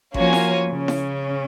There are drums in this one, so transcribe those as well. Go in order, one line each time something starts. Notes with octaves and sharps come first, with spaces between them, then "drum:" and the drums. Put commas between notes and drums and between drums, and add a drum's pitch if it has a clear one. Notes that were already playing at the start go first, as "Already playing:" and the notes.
F3 A#3 C#4 F4 F#4 C#5 G#5, drum: kick G#1
drum: snare E4
C#3 C#4
drum: snare E4